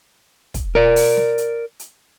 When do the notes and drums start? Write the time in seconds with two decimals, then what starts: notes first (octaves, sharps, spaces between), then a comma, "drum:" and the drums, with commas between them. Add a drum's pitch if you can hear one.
0.54 drum: kick, hi-hat
0.75 A#4 D5
0.96 drum: open hi-hat
1.17 drum: snare
1.38 drum: hi-hat
1.79 drum: hi-hat